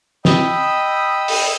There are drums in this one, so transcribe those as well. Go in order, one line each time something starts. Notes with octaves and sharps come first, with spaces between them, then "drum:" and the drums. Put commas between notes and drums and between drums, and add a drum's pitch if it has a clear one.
D#5 G5 B5 D#6 E6, drum: snare
drum: open hi-hat